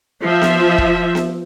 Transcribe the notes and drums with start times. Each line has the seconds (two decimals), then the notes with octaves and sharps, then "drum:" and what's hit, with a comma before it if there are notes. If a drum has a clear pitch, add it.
0.23 F3 C5 E5
0.42 drum: snare B3
0.78 drum: kick
1.15 drum: snare B3